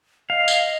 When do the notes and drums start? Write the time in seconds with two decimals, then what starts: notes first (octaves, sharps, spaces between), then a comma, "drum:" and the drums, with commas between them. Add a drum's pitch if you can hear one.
0.30 D#5 F5
0.48 drum: tambourine